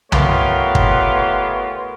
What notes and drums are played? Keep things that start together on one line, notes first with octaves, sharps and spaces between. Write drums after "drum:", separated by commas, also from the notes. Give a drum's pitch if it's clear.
A3 B3 F4 G4 A#4 C#5, drum: tom
drum: kick